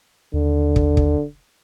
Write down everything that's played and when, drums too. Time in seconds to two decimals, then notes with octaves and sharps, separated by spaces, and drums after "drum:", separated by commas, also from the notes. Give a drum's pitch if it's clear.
0.34 D#2 D3
0.76 drum: kick
0.97 drum: kick